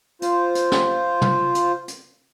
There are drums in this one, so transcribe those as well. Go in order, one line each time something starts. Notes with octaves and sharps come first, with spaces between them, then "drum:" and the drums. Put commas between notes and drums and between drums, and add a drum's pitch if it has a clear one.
F4 C5, drum: hi-hat
drum: hi-hat
drum: snare
drum: tom
drum: hi-hat
drum: hi-hat